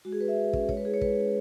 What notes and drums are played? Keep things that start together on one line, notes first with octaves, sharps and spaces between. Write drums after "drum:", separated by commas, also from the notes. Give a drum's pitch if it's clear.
G#3 F#4
G#4
F#4 B4
E5
G#3
C#4, drum: kick
G#3 C#5, drum: kick
B4
E4 G#4
C#5
G#3 B4, drum: kick
C#4